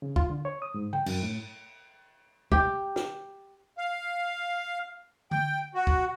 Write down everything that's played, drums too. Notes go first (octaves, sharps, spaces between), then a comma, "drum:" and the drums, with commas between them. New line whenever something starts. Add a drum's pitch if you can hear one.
C#3
F4, drum: kick
D3
C#5
D#6
G#2
G5, drum: tom C#3
F#2, drum: cymbal
A2
G4, drum: kick
drum: snare
F5
G5, drum: tom D3
F#4
drum: kick